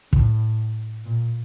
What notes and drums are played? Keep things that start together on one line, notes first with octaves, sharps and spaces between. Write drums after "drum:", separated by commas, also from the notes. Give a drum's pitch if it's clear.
A2, drum: kick
A#2